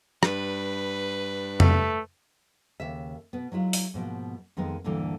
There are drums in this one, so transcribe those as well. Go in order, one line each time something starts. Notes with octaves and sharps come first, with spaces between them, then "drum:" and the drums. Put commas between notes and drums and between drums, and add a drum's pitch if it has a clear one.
G2 B4, drum: rim click
A3, drum: tom F2
D#2 C#3 E5
B2 B3
F#3 G#3 E4 F4
drum: open hi-hat
G#2 B2 F3 A#3
F2 D#3 G#3 B3 D#4
D2 G2 A#2 D3 E3